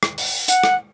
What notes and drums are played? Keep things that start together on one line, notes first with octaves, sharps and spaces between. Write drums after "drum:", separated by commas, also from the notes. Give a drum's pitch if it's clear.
drum: rim click
drum: open hi-hat
F#5, drum: hi-hat
drum: rim click